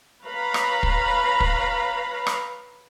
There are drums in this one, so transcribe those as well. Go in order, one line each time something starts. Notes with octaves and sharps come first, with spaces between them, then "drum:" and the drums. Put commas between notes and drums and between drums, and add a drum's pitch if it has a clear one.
B4 C#5 F5 A#5 B5
drum: rim click
drum: kick
drum: kick
drum: rim click